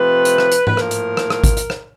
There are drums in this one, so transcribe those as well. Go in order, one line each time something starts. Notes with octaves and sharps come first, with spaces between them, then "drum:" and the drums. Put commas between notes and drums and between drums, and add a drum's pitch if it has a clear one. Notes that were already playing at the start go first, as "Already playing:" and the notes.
Already playing: C3 F3 A3 C4 B4
drum: hi-hat
drum: rim click
drum: hi-hat
B4, drum: tom G#2
A2 F3 A#3 A#4, drum: rim click
drum: hi-hat
drum: rim click
drum: rim click
drum: kick, hi-hat
drum: hi-hat
drum: rim click